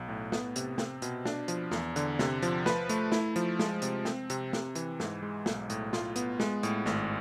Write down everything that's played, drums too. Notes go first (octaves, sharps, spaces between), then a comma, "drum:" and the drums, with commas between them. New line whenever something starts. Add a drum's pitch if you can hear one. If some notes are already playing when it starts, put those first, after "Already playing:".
Already playing: B1
A2
B3, drum: snare
C3, drum: hi-hat
C4, drum: snare
B2, drum: hi-hat
D4, drum: snare
F3, drum: hi-hat
E2, drum: snare
D3, drum: hi-hat
C3, drum: snare
F3, drum: hi-hat
B4, drum: snare
A3, drum: hi-hat
E4, drum: snare
F3, drum: hi-hat
G#3, drum: snare
C3, drum: hi-hat
C4, drum: snare
C3, drum: hi-hat
C3, drum: snare
E3, drum: hi-hat
G#2, drum: snare
G#3
B1, drum: snare
A2, drum: hi-hat
F4, drum: snare
B3, drum: hi-hat
G#3, drum: snare
A2, drum: hi-hat
G#1, drum: snare